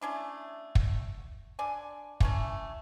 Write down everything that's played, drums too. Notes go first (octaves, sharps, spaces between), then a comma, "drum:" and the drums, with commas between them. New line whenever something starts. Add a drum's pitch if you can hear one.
A3 C#4 D4 E4
drum: kick
D3 D5 G#5
E3 A3 C#4, drum: kick